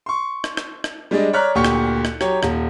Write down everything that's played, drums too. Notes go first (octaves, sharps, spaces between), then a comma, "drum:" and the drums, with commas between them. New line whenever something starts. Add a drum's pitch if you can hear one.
C6 C#6
drum: rim click
drum: rim click
drum: rim click
G3 G#3 D4 D5 D#5
C#5 D5 A#5 F6 F#6 B6
D2 A#2 G4 C#6 C#7
drum: rim click
drum: rim click
F#3 G4 C#5, drum: rim click
D#1, drum: rim click